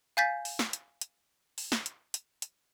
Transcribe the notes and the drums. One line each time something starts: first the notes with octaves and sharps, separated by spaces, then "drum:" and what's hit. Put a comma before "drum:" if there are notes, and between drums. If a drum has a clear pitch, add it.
F5 G#5 G6 A6 B6
drum: open hi-hat
drum: snare
drum: hi-hat
drum: hi-hat
drum: open hi-hat
drum: snare
drum: hi-hat
drum: hi-hat
drum: hi-hat